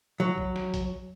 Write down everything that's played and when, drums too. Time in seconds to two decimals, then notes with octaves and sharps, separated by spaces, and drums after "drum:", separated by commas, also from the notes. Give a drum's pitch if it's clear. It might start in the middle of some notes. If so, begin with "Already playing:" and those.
0.20 F#3
0.38 drum: kick
0.56 drum: snare
0.74 drum: kick, hi-hat